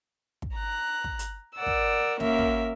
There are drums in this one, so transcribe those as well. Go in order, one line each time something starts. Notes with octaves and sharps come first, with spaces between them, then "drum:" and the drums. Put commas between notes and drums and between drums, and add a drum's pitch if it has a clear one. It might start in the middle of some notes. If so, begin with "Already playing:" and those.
drum: kick
A#5 F#6
drum: kick
drum: hi-hat
A#4 D5 F#5 E6
drum: kick
F#2 A#3 A#4 E5, drum: snare
drum: kick